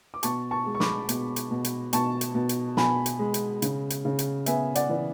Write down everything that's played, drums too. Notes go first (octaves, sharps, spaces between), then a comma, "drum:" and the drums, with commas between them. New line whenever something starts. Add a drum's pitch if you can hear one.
D6
B2 A5 C#6, drum: hi-hat
A5 C#6
G#3
C#6
B5 D6, drum: snare
B2, drum: hi-hat
drum: hi-hat
B2
drum: hi-hat
B2 A5 C#6, drum: hi-hat
drum: hi-hat
B2
drum: hi-hat
B2 G#5 B5, drum: snare
drum: hi-hat
G#3
drum: hi-hat
C#3, drum: hi-hat
drum: hi-hat
C#3
drum: hi-hat
B3 E5 G#5, drum: hi-hat
D5 F#5, drum: hi-hat
E3 D5